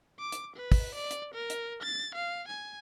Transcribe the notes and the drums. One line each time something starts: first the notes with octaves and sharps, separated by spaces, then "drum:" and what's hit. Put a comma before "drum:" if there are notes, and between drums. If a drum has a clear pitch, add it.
D6
drum: hi-hat
B4
drum: kick, open hi-hat
D5
drum: hi-hat
A#4
drum: hi-hat
A6
F5
G#5